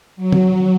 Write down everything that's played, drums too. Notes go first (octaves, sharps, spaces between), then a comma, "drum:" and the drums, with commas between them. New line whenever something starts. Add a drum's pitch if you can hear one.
F#3
drum: tom